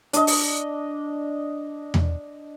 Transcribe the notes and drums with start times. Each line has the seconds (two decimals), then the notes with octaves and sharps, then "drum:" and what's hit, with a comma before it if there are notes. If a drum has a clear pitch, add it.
0.13 D4 D#5, drum: hi-hat
0.27 drum: open hi-hat
1.94 drum: tom E2